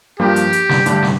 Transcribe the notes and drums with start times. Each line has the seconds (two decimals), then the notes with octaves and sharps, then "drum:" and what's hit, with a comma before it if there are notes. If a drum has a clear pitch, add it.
0.19 G2 F3 A#3 G4
0.36 drum: hi-hat
0.53 drum: hi-hat
0.69 drum: snare
0.86 G2 D3 A3 D4, drum: hi-hat
1.03 drum: snare